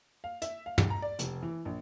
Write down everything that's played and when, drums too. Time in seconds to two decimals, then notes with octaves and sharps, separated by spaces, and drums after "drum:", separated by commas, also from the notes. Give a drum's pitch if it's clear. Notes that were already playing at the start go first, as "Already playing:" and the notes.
0.24 F5
0.42 E5, drum: hi-hat
0.66 F5
0.78 B1, drum: tom
0.90 A#5
1.02 D5
1.19 F1, drum: hi-hat
1.43 E3
1.65 A#1